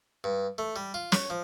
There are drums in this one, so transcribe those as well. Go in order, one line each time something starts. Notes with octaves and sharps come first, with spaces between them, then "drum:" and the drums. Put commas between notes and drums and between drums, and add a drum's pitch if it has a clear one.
G2
A3
G3
F4
C#5, drum: snare
F3